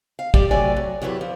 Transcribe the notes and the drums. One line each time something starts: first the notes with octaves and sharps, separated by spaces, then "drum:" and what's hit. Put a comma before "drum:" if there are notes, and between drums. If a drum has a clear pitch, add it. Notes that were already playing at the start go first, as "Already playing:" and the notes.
F5
G4 D5, drum: kick
C3 F#3 A3 G4 D5 G#5
F#3
E2 F#3 E4 G4 B4
F3